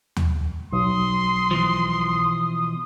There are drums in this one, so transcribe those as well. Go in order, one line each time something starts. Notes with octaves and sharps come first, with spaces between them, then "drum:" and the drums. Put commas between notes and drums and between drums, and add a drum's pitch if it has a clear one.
drum: tom D#2
B1 C6 D#6
B2 E3 F3